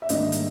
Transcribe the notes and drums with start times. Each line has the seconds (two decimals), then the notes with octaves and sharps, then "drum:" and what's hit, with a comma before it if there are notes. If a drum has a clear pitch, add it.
0.02 E5
0.09 G#2 D#3 G3 A#3 D4 D#5, drum: hi-hat
0.32 drum: hi-hat